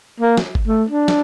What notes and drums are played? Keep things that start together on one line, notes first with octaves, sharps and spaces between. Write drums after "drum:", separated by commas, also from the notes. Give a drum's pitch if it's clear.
A#3
drum: snare
drum: kick G1
A3
D4
drum: snare